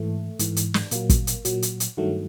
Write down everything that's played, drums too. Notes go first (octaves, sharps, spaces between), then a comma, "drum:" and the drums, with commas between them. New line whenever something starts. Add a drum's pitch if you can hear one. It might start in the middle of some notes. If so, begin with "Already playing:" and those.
Already playing: G#2 E3 A3
G#2 E3, drum: hi-hat
drum: hi-hat
drum: snare
A#2 F#3 A#3, drum: hi-hat
drum: kick, hi-hat
drum: hi-hat
A#2 F#3, drum: hi-hat
drum: hi-hat
drum: hi-hat
G2 D#3 F#3 A3